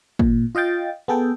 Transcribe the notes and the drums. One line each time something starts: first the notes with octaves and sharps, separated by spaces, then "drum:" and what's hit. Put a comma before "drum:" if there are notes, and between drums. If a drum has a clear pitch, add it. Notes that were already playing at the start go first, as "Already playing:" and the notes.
A#2, drum: kick G#1
F4 D#5 F5 G5 A6
B3 G#4 A4 G5